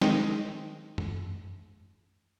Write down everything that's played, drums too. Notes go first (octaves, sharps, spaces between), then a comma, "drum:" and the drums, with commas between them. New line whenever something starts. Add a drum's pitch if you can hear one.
D#3 G#3 C4 D#4, drum: snare
drum: tom F#2